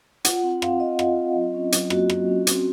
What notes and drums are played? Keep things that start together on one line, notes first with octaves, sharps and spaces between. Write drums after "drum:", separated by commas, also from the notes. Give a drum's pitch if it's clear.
F4 F#5, drum: hi-hat
C4 F#5
C4 F5, drum: rim click
F4 D#5
F4, drum: rim click
C4
F#3
C#4
F#3, drum: hi-hat
A#3 F#4, drum: rim click
F#3, drum: rim click
C#4
C4, drum: hi-hat